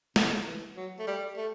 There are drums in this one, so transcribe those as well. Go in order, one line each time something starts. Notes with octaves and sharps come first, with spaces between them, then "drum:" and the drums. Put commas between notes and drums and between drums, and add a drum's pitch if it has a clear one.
C3, drum: snare
E3
F#3
A3
G3
A3